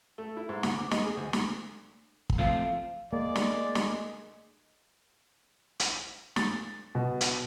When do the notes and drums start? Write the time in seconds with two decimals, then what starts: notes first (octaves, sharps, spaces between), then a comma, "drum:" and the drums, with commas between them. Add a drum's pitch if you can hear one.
0.18 A3
0.37 E4
0.49 G#2
0.63 D3, drum: snare
0.78 D6
0.91 D#5, drum: snare
1.04 G#4
1.17 D2
1.33 drum: snare
2.30 drum: kick
2.39 F3 A3 C4 F5
3.13 G#3 A#3 D5
3.36 drum: snare
3.75 drum: snare
5.80 drum: hi-hat
6.36 A6, drum: snare
6.95 B2
7.21 drum: hi-hat